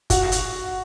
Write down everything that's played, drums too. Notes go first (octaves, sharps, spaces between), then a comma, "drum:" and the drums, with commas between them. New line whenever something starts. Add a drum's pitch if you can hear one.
F#4, drum: kick F#1, hi-hat
drum: hi-hat